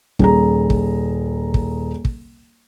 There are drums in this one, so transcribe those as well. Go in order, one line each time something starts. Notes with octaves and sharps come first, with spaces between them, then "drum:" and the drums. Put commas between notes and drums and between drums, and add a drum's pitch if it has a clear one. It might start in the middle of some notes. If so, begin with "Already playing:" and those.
D#1 G#4 A#5, drum: kick
drum: kick
drum: kick
drum: kick